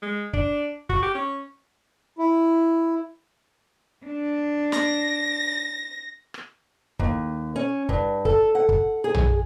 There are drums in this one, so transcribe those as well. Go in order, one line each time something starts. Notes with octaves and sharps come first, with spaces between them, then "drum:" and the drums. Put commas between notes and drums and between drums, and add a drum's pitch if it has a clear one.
G#3
D4, drum: kick
F#4, drum: kick
G4
C#4
E4
D4
A#6, drum: snare
drum: rim click
D#2, drum: kick
C#4
G2, drum: kick
A4, drum: kick
F#5
drum: kick
G#4
drum: tom A#1